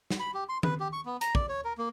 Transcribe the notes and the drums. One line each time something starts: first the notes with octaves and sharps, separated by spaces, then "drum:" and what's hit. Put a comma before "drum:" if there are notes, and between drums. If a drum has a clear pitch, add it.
drum: snare
B5
G4
C6
B4, drum: tom D#3
G4
C#6
B3
A#5, drum: hi-hat
D5, drum: kick
C#5
A#4
A#3